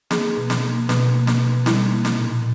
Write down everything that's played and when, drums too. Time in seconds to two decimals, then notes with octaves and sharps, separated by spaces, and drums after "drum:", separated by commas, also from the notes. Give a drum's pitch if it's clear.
0.11 A#3 G#4, drum: snare
0.37 B2
0.50 drum: snare
0.63 A#3
0.89 B2, drum: snare
1.14 A#3
1.27 drum: snare
1.40 B2
1.66 G3 E4, drum: snare
1.92 A#3
2.05 drum: snare
2.17 A#2